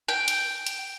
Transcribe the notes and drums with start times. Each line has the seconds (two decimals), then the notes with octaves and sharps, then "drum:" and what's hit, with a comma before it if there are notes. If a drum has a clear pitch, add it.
0.08 G5
0.28 drum: hi-hat
0.67 drum: hi-hat